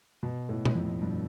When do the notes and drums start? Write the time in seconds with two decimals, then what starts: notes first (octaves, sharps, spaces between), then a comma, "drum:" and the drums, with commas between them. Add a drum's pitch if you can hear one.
0.23 B2
0.49 A2
0.65 drum: tom B2
0.75 F2
1.02 G2